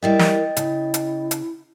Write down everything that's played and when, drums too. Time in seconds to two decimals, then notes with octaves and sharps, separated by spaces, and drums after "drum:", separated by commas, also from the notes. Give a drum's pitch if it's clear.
0.03 G3 E4 A#4 D#5 E5 G5 A6
0.19 drum: snare
0.57 C#3 E4, drum: hi-hat
0.94 drum: hi-hat
1.31 drum: hi-hat